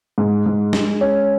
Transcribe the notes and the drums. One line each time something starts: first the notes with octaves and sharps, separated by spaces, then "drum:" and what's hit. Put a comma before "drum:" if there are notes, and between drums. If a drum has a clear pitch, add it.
G#2
G#2
G#3, drum: snare
C#4